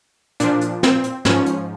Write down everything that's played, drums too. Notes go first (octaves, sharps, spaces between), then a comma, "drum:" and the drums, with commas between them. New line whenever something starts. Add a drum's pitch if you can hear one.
A#2 F3 D4, drum: hi-hat
drum: hi-hat
C4, drum: snare
drum: hi-hat
G#2 F3 C#4, drum: snare
drum: hi-hat